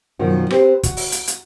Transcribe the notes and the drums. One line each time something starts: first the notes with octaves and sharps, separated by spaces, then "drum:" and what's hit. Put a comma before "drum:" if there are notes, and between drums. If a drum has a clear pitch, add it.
F#2 B2 D#3 F3 F#4
C4 G4 B4 C5, drum: rim click
F#4, drum: kick, hi-hat
drum: open hi-hat
drum: hi-hat
drum: hi-hat